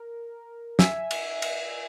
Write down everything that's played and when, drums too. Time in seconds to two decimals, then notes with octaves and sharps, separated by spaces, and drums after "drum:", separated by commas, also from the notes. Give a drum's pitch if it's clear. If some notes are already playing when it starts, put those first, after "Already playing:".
Already playing: A#4
0.79 E5 G#5, drum: snare
1.11 drum: cymbal
1.42 drum: cymbal